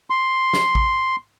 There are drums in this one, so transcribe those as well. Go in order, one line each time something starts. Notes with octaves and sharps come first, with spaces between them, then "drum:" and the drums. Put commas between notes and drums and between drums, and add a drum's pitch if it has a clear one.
C6
drum: snare
drum: kick A1